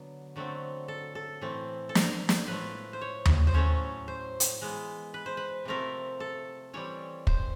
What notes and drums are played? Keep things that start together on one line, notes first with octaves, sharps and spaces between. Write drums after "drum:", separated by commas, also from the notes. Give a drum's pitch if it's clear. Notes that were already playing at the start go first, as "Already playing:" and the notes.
Already playing: D3 F#3 B3
D3 F#3 A3 C4
A4
A4
A2 E3 A3 C4
A4
A#4, drum: snare
drum: snare
A2 F3 A3 B4
C5
C#5
drum: tom D#2
C5
A2 F#3 A3 C#4 C#5
C5
drum: hi-hat
E3 G#3 B3
B4
C5
B4
C3 F3 A3 C4 A#4
A4
E3 G3 C4 C#5
C5, drum: kick